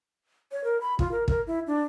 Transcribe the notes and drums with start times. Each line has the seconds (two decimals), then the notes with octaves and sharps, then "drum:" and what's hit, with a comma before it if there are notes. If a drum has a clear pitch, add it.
0.52 C#5
0.64 A#4
0.81 B5
0.99 F4, drum: kick
1.12 A#4
1.28 A#4, drum: kick
1.47 E4
1.67 D4